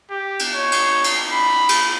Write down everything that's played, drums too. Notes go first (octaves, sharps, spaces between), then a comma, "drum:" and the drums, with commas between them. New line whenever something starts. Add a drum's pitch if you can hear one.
G4
drum: cymbal
C#5
drum: cymbal
drum: cymbal
B5
drum: cymbal